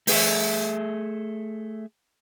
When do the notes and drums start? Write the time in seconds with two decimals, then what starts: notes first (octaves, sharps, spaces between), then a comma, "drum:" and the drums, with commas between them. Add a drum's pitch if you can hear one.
0.07 A3 G#4 E5, drum: open hi-hat